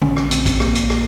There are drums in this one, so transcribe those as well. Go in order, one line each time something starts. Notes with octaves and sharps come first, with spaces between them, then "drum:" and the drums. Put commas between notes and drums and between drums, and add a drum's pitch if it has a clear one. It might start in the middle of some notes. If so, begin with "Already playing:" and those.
A#1 A#2 C#4, drum: tom
drum: rim click
C4, drum: hi-hat
drum: kick, hi-hat
A#1 A#2 A#3, drum: rim click
drum: hi-hat
drum: rim click